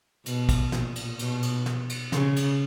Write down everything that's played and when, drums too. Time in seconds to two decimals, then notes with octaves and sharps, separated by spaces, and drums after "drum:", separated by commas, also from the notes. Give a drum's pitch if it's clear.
0.26 B2, drum: cymbal
0.49 drum: kick, cymbal
0.72 A#2, drum: snare
0.96 drum: cymbal
1.19 B2, drum: cymbal
1.43 drum: cymbal
1.66 drum: snare
1.89 drum: cymbal
2.12 C#3, drum: snare
2.36 drum: cymbal